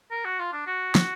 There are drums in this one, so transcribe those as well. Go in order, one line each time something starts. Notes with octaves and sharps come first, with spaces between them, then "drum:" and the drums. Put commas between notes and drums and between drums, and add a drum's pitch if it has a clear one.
A#4
F#4
F4
D4
F#4
F#4, drum: snare